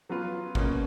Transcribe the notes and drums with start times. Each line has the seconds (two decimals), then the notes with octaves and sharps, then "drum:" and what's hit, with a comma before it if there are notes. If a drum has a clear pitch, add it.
0.09 F#3 B3 F4
0.55 B2 A#3 C#4, drum: kick G#1